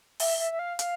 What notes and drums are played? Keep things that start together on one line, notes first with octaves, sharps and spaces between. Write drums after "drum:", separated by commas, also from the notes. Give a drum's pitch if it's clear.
E5, drum: open hi-hat
E5
E5
F5
F5, drum: hi-hat